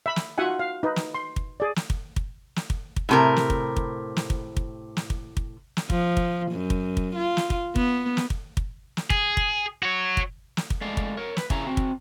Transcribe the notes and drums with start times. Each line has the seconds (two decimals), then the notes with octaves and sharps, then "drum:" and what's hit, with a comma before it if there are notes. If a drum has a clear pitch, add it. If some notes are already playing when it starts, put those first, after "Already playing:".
0.06 E5 B5
0.16 drum: snare
0.38 D#4 F4 F#4 E5 F#5 G#5
0.59 F5
0.83 D#4 B4
0.96 drum: snare
1.15 C6
1.36 drum: kick
1.60 G#4 D5
1.76 drum: snare
1.90 drum: kick
2.16 drum: kick
2.56 drum: snare
2.70 drum: kick
2.96 drum: kick
3.09 A2 C3 A#4
3.36 drum: snare
3.50 drum: kick
3.76 drum: kick
4.17 drum: snare
4.30 drum: kick
4.57 drum: kick
4.97 drum: snare
5.10 drum: kick
5.37 drum: kick
5.77 drum: snare
5.90 F3, drum: kick
6.17 drum: kick
6.52 F#2
6.70 drum: kick
6.97 drum: kick
7.16 F4
7.37 drum: snare
7.50 drum: kick
7.76 B3, drum: kick
8.17 drum: snare
8.30 drum: kick
8.57 drum: kick
8.97 drum: snare
9.10 G#4, drum: kick
9.37 drum: kick
9.83 F#4 C#5
10.17 drum: kick
10.57 drum: snare
10.70 drum: kick
10.81 G#3 A3 D5 F5
10.97 drum: kick
11.17 A#4 C#5
11.37 B4, drum: snare
11.50 C#3 C#4 E4 G#4 A#5, drum: kick
11.67 C4 F#4
11.77 drum: kick